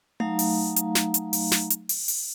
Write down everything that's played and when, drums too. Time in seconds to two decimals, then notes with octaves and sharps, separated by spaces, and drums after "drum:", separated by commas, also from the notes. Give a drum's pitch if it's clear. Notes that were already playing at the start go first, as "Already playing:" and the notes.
0.20 F#3 A3 D#4 F5 A#5, drum: tom A3
0.39 drum: open hi-hat
0.76 drum: hi-hat
0.95 drum: snare
1.14 drum: hi-hat
1.33 drum: open hi-hat
1.52 drum: snare
1.70 drum: hi-hat
1.89 drum: open hi-hat
2.08 drum: open hi-hat